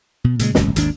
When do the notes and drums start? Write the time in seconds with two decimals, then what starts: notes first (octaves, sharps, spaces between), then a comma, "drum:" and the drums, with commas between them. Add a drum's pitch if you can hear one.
0.24 B2
0.39 A#2 C#3 G#3, drum: hi-hat
0.55 D1 G#1 C#2 F#2, drum: snare
0.76 G#1 D#2 G#2 D4, drum: hi-hat